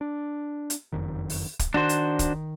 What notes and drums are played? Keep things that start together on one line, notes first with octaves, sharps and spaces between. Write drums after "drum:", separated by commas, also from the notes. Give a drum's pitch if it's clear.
D4
drum: hi-hat
F#1 F2 D#3
drum: open hi-hat
drum: kick, hi-hat
D#3 D4 F#4 C5
drum: hi-hat
drum: kick, hi-hat